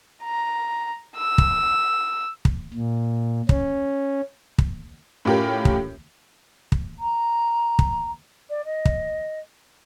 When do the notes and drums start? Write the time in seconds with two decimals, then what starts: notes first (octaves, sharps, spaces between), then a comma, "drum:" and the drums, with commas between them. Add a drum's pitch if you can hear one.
0.24 A#5
1.17 E6
1.38 drum: kick
2.45 drum: kick
2.74 A#2
3.49 C#4, drum: kick
4.58 drum: kick
5.25 A2 C#4 F4 G4 A#4
5.65 drum: kick
6.72 drum: kick
6.99 A#5
7.79 drum: kick
8.50 D5
8.65 D#5
8.85 drum: kick